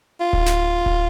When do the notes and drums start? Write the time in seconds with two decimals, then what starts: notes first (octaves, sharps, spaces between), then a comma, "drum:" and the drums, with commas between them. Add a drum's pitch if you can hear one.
0.20 F4
0.33 drum: kick D1
0.46 drum: snare
0.86 drum: kick D1